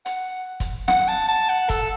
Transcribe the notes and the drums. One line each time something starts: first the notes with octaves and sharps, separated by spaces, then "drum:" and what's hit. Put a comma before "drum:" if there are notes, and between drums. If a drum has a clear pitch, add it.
F#5, drum: hi-hat
drum: kick, hi-hat
F#5, drum: snare
A5
A5
F#5
A4, drum: kick, hi-hat